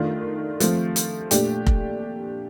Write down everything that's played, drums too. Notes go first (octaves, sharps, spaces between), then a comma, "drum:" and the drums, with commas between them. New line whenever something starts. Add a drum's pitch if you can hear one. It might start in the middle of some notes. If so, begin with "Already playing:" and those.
Already playing: D#3 A3 D4 F4
F3 A3 C4, drum: hi-hat
drum: hi-hat
A#2 A3 D4 G4, drum: hi-hat
drum: kick F1